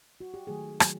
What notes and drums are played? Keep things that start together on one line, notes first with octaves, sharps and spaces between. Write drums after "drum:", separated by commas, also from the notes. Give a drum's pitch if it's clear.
F#4
G4
D#3 F#3 A3 G#4
D#3 F#3 A3, drum: rim click